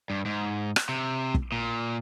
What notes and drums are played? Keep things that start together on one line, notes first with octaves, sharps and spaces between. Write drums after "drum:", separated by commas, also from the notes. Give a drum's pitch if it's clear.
G2
G#2
drum: rim click
C3
drum: kick
A#2